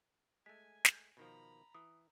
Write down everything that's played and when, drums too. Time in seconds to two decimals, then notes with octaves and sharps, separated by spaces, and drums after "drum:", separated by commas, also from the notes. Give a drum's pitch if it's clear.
0.46 G#3 A3 G#5 B6
0.85 drum: snare
1.17 B2 D#3 F3 A#5 B5
1.74 E3 D#6